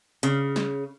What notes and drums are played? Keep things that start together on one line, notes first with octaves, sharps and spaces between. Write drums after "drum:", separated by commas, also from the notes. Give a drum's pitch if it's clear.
C#3, drum: hi-hat
drum: snare